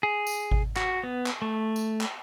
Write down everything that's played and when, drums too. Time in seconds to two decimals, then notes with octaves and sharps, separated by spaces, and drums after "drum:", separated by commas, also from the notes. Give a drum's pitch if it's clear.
0.03 G#4
0.27 drum: tambourine
0.51 drum: kick G#1
0.76 F#4, drum: clap
1.03 B3
1.26 drum: clap
1.42 A3
1.76 drum: tambourine
2.01 drum: clap